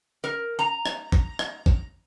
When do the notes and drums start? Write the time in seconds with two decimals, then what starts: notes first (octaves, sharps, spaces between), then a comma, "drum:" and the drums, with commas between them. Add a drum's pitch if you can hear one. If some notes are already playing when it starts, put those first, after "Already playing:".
0.24 A#4
0.59 A#5
0.86 drum: rim click
1.12 drum: kick
1.39 drum: rim click
1.66 drum: kick